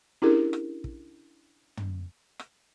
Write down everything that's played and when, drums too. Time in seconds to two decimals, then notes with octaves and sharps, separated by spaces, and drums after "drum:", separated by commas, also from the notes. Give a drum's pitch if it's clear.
0.22 C#4 D4 E4 G4 G#4 A#4
0.53 drum: rim click
0.84 drum: kick
1.77 drum: tom
2.39 drum: rim click